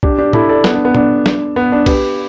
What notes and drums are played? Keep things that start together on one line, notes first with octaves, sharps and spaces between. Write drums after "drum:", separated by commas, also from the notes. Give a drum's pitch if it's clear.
D4 G4, drum: kick
D4 G4
E4 A4, drum: tom
A4 D5
B3, drum: snare
D4
B3
D4, drum: tom
drum: snare
B3
D4
G4 B4, drum: kick, cymbal